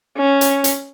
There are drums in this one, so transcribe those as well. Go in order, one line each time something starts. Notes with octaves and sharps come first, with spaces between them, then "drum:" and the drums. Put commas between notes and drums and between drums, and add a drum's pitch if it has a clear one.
C#4
drum: hi-hat
drum: hi-hat